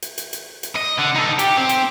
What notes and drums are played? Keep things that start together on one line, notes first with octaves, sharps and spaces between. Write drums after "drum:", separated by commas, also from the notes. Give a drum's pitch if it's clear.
drum: hi-hat
drum: hi-hat
drum: hi-hat
drum: hi-hat
D#5
D3
D#4 A4
G4, drum: hi-hat
C4
drum: hi-hat